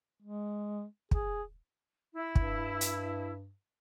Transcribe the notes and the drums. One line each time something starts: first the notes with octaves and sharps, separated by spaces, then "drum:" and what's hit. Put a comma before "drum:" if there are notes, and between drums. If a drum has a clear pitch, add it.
G#3
G#4, drum: kick
E4
G2, drum: kick
drum: hi-hat